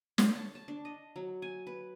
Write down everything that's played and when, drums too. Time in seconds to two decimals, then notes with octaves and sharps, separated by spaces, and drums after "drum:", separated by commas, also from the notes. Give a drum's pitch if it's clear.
0.18 C#5, drum: snare
0.35 A5
0.55 A5
0.68 D4
0.85 D#5
1.16 F#3
1.42 G#5
1.67 B4